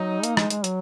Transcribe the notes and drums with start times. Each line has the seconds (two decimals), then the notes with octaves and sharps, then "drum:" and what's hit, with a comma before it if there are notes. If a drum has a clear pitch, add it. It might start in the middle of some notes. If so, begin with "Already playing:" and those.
Already playing: F#3 D#4
0.23 A#3, drum: hi-hat
0.37 G#3, drum: rim click
0.50 G#3, drum: hi-hat
0.64 F#3, drum: hi-hat